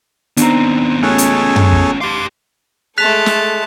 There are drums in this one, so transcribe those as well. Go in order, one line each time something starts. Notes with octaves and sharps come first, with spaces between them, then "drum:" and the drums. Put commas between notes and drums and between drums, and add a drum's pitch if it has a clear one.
D#2 B3 C4 D4 D#4 A#5, drum: hi-hat
A1 C#4 F4 G#4 A4 C#5 F#6
drum: hi-hat
drum: tom
drum: kick
G4 F5 C6 D6
G#3 A3 A4 A5 F#6 B6 F7
drum: snare